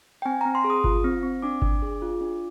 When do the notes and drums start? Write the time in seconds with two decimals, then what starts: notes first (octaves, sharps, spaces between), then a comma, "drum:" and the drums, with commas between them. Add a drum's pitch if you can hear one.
0.22 G5
0.25 C4 G#5
0.41 C4 A#5
0.55 C6
0.64 G#4
0.70 D#6
0.84 F4, drum: kick G1
1.04 C4
1.23 C4
1.42 D4 D6
1.62 D4, drum: kick G1
1.82 G#4
2.02 F4
2.21 D4